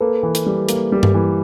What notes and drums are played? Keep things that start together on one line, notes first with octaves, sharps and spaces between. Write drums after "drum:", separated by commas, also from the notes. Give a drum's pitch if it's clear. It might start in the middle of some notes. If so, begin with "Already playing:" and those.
A#3 A4 B4
E3
drum: hi-hat
G3
A#3, drum: hi-hat
G3
drum: tom G2
E3